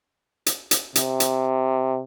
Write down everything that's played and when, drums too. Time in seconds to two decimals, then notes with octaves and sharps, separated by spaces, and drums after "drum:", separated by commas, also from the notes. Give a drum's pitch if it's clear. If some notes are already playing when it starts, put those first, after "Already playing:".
0.46 drum: hi-hat
0.71 drum: hi-hat
0.95 C3, drum: hi-hat
1.20 drum: hi-hat